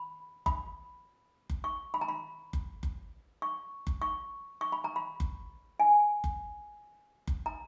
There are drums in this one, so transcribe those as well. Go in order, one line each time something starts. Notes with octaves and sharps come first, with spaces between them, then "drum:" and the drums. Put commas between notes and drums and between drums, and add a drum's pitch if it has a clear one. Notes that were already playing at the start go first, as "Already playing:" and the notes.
Already playing: B5
B5, drum: kick F#1
drum: kick F#1
C#6
B5
A#5
B5
drum: kick F#1
drum: kick F#1
C#6
drum: kick F#1
C#6
C#6
B5
A#5
B5
drum: kick F#1
G#5
drum: kick F#1
drum: kick F#1
A#5